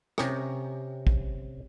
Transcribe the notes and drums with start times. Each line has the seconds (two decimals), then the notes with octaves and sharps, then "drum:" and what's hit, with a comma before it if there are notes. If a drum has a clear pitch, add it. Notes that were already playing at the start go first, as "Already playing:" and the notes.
0.18 C3 C#4 G4 A#5, drum: rim click
1.07 drum: kick